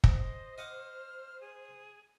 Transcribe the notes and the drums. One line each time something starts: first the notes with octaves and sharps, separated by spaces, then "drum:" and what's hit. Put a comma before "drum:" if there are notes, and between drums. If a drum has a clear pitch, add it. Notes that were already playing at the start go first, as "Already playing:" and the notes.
C5 D#5, drum: kick
D#5 F#5 D6 F6
G#4